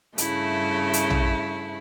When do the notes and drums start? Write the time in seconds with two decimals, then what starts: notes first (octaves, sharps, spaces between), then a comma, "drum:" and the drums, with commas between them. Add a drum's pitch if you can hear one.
0.18 G2 C#3 A3 E4, drum: hi-hat
0.93 drum: hi-hat
1.10 drum: tom A#1